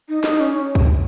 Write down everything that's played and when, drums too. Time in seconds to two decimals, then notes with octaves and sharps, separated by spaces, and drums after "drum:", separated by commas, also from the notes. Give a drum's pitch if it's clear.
0.09 D#4
0.24 D#4, drum: snare
0.40 C#4
0.75 drum: kick